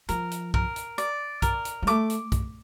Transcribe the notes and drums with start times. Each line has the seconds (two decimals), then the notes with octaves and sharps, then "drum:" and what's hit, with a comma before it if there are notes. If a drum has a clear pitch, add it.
0.09 F3 A#4, drum: hi-hat
0.31 drum: hi-hat
0.54 A#4, drum: kick B1
0.76 drum: hi-hat
0.98 D5, drum: hi-hat
1.42 A#4, drum: kick B1, hi-hat
1.65 drum: hi-hat
1.82 G3
1.87 A3 D6, drum: hi-hat
2.10 drum: hi-hat
2.32 drum: kick B1, hi-hat